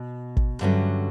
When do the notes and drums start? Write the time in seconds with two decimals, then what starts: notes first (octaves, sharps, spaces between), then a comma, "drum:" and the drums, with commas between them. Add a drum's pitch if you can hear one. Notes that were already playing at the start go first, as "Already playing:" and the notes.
Already playing: B2
0.37 drum: kick
0.61 G2 D3 F#3 A3 C#4